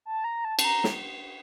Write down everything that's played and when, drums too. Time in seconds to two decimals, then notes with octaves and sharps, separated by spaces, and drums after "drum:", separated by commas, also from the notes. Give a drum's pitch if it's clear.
0.06 A5
0.24 A#5
0.45 A5
0.59 A5, drum: cymbal
0.65 A#5
0.84 drum: snare